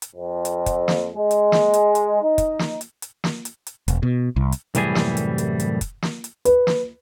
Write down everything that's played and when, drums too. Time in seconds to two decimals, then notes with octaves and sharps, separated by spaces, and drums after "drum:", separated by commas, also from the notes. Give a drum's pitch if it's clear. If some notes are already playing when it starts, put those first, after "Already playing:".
0.02 drum: hi-hat
0.16 F2
0.45 drum: hi-hat
0.66 drum: kick, hi-hat
0.88 drum: snare
1.16 G#3
1.31 drum: hi-hat
1.52 drum: snare
1.74 drum: hi-hat
1.95 drum: hi-hat
2.22 D#4
2.38 drum: kick, hi-hat
2.59 drum: snare
2.81 drum: hi-hat
3.02 drum: hi-hat
3.24 drum: snare
3.45 drum: hi-hat
3.67 drum: hi-hat
3.88 E1, drum: hi-hat
4.03 B2
4.36 C2
4.52 drum: hi-hat
4.75 C2 F#2 A2 E3 G3 G#4, drum: hi-hat
4.95 drum: snare
5.17 drum: hi-hat
5.38 drum: hi-hat
5.60 drum: hi-hat
5.81 drum: kick, hi-hat
6.02 drum: snare
6.24 drum: hi-hat
6.45 B4, drum: hi-hat
6.67 drum: snare